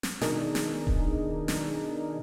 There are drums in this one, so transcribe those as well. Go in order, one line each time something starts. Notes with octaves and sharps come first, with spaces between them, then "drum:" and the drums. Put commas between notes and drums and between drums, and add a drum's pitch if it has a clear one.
drum: snare
B2 D#3 D4 D#4 G#4 A#4, drum: snare
drum: snare
drum: kick D#1
drum: snare